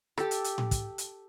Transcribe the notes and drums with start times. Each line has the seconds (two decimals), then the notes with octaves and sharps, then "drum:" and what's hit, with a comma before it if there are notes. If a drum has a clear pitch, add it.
0.17 G4 A4, drum: rim click
0.31 drum: hi-hat
0.44 drum: hi-hat
0.58 drum: tom A2
0.71 drum: kick, hi-hat
0.98 drum: hi-hat